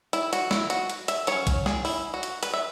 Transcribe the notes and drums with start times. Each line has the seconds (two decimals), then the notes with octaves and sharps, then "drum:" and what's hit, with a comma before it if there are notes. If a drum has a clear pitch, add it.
0.13 E4, drum: hi-hat
0.33 F#4, drum: hi-hat
0.51 E4, drum: snare
0.70 F#4, drum: hi-hat
0.90 drum: hi-hat
1.08 E5, drum: hi-hat
1.27 F#3 C#4 C#5, drum: hi-hat
1.47 drum: kick A#1, hi-hat
1.66 G#4, drum: snare
1.85 E4, drum: open hi-hat
2.14 F#4
2.23 drum: hi-hat
2.43 B4, drum: hi-hat
2.53 E5